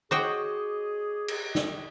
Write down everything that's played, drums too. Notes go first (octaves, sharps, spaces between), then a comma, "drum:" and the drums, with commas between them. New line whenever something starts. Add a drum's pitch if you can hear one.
F#4 G#4 C5 C#5 D#5 G5 D6
drum: cymbal
drum: snare